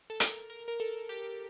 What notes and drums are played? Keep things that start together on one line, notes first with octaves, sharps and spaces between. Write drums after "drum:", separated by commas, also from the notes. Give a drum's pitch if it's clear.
A4
A#4, drum: hi-hat
A#4
A#4
A4
G4